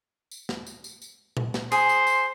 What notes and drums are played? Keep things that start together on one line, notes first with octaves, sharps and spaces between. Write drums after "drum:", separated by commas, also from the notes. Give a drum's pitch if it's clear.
drum: tambourine
drum: snare
drum: tambourine
drum: tambourine
drum: tambourine
drum: tom A#2
drum: snare
G#4 C5, drum: tambourine
drum: tambourine
drum: tambourine